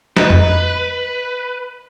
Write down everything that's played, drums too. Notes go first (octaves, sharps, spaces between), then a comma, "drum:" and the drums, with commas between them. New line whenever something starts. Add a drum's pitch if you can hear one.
B4 D#5 A#5, drum: snare
drum: tom F2